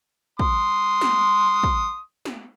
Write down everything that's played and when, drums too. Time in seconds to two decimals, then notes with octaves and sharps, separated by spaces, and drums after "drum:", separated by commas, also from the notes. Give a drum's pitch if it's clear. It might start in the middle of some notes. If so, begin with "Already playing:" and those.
0.39 C6 D#6, drum: kick
1.01 drum: snare
1.63 drum: kick
2.25 drum: snare